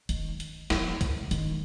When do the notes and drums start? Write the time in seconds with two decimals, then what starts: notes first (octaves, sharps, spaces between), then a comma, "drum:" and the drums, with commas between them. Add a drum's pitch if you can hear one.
0.09 D#3, drum: hi-hat
0.40 drum: hi-hat
0.70 F3, drum: snare
1.01 drum: kick, hi-hat
1.31 D#3, drum: hi-hat